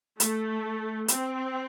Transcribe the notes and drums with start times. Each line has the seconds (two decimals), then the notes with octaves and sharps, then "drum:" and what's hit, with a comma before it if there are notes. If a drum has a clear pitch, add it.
0.20 A3, drum: hi-hat
1.08 C4, drum: hi-hat